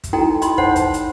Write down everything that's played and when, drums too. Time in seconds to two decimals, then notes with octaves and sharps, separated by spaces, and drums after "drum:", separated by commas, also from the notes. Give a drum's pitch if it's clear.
0.04 drum: kick, hi-hat
0.13 D#4 E4 F#4 A4 G5 A#5
0.42 D#5 B5 C6, drum: hi-hat
0.58 D#4 C5 C#5 F#5 A5, drum: kick
0.76 drum: kick, hi-hat
0.94 drum: hi-hat